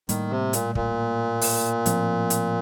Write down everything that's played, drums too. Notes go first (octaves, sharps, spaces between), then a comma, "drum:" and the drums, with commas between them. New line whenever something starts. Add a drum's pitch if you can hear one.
A2 D#3 G3 A#3, drum: hi-hat
C3
A#2, drum: hi-hat
A#2, drum: kick
drum: open hi-hat
A2 F3 C4, drum: hi-hat
drum: hi-hat